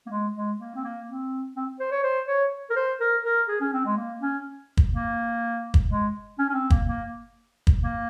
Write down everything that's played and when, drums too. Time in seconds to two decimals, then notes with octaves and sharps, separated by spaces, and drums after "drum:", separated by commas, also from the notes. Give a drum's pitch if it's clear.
0.06 A#3
0.11 G#3
0.35 G#3
0.60 A#3
0.75 C4
0.84 A#3
1.07 C4
1.56 C4
1.80 C5
1.92 C#5
2.04 C5
2.28 C#5
2.70 A#4
2.76 C5
3.00 A#4
3.25 A#4
3.48 G#4
3.61 C#4
3.73 C4
3.85 G#3
3.97 A#3
4.21 C#4
4.77 drum: kick
4.94 A#3
5.74 drum: kick
5.90 G#3
6.38 C#4
6.50 C#4
6.54 C4
6.70 A#3, drum: kick
6.87 A#3
7.67 drum: kick
7.83 A#3